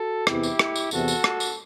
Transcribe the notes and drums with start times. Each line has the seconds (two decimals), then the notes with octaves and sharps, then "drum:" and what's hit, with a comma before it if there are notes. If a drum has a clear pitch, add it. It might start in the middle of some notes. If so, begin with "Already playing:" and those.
Already playing: F#4 A4
0.27 E2 C3 E3 E4 G4, drum: rim click
0.43 drum: tambourine
0.59 drum: rim click
0.76 drum: tambourine
0.91 E2 C3 E3 F#4 A4, drum: tambourine
1.08 drum: tambourine
1.24 drum: rim click
1.40 drum: tambourine